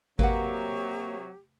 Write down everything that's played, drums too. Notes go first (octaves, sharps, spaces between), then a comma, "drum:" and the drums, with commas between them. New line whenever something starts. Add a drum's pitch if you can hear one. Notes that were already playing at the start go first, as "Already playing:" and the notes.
C3 F#3 A#3 G4 B4 F#5, drum: kick G#1